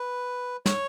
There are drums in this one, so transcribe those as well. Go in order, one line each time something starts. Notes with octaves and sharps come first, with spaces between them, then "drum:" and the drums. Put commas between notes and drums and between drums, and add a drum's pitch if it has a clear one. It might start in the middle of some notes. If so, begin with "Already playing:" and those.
Already playing: B4
C#5, drum: snare